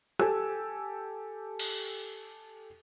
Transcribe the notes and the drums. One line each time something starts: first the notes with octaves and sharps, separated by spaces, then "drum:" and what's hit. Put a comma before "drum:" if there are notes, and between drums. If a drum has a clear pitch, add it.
G4 A4 G#5 E6, drum: rim click
drum: cymbal